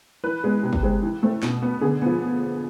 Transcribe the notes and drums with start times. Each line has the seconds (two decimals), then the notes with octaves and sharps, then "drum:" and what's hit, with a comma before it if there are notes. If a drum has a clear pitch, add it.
0.24 E3 B4
0.44 G#3 B3
0.63 C3
0.73 drum: kick
0.83 G#3 C4
1.02 E3
1.23 A3 C4
1.43 B2, drum: snare
1.62 B3
1.81 D3 G#4
2.02 F3 B3